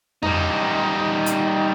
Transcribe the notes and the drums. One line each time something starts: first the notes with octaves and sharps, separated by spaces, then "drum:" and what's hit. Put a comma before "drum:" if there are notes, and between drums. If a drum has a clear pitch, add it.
G3 D#4, drum: tom F2
drum: hi-hat